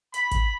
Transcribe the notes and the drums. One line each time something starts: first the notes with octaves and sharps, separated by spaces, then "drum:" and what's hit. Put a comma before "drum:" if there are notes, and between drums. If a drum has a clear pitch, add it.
B5, drum: hi-hat
drum: kick, hi-hat